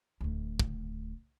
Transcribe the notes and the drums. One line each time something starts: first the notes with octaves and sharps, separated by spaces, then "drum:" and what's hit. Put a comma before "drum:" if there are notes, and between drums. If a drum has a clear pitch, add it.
D1 D2
drum: kick